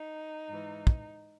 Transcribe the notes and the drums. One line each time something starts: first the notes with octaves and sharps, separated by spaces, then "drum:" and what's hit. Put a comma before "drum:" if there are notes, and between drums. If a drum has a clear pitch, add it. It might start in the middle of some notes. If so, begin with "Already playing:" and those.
Already playing: D#4
G#2 E3
drum: kick